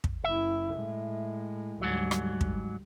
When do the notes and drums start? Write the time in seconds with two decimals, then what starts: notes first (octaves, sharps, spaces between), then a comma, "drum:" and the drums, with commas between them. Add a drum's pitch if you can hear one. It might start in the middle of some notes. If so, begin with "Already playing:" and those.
0.04 drum: kick
0.24 F#1 E4 E5
0.75 A2 G#3
1.81 D2 G#2 F#3 G3
2.11 drum: rim click
2.41 drum: kick